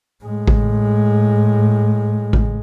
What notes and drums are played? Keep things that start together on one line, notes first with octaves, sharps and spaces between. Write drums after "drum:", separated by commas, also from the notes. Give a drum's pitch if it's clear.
A2 G#3
drum: kick A1
drum: kick A1